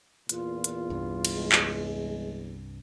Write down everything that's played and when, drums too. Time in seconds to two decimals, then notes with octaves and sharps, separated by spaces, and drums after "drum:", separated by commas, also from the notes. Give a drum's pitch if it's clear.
0.29 E2 A#2 F4, drum: hi-hat
0.64 drum: hi-hat
0.90 C2 G2
1.25 drum: cymbal
1.35 G#3
1.52 drum: clap